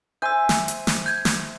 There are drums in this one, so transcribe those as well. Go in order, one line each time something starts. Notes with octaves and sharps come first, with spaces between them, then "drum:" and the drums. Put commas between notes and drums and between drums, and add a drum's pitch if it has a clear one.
C5 E5 G#5 E6 G6
drum: snare
drum: hi-hat
drum: snare
G6 G#6
drum: snare